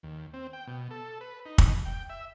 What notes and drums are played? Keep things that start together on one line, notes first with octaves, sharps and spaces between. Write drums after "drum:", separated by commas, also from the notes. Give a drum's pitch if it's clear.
D#2
C4
G5
B2
A4
B4
D#4
drum: kick
G5
E5